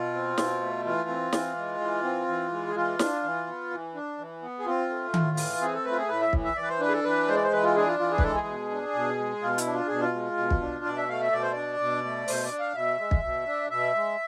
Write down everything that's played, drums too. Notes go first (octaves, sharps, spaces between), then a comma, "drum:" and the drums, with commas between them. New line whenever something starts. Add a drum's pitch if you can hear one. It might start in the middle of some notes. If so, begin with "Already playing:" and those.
Already playing: B2 F4
C4
B2, drum: snare
A3
E3 F4
C4
E3, drum: snare
G#3
E3
C4
E3
G#3
G#4
E3 F4
D4, drum: snare
E3
B3
E3
D4
E3
B3
G#4
C4 F4
A3
A2, drum: tom D#3
E3, drum: open hi-hat
C4 G#4
A4
A3 B4
F4
G#4
A2 B4
E5
E3, drum: kick
E5
E3 D5
B4
C5
D4 B4
G#4
A4
E3 B4
G#3 C5
D5
C5
E3 B4
F4
D4 G#4
F4
E3 F4
G#4
B4, drum: kick
G#3 A4
G#4
B2
D4
B2
G#3
B2 F4
E4, drum: hi-hat
D4
F4
B2 G#4
F4
G#3
B2
drum: kick
D4
B2 D5
E5
A3 F5
E5
B2 D5
C5
D4 D5
B2
A3
B2 C5, drum: open hi-hat
D5
D4
F5
B2 E5
G#3
drum: kick
B2
D4
B2 E5
G#3